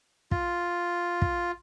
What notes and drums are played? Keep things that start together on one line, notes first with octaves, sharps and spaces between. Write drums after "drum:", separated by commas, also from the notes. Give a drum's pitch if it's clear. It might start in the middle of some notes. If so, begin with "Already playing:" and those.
F4, drum: kick
drum: kick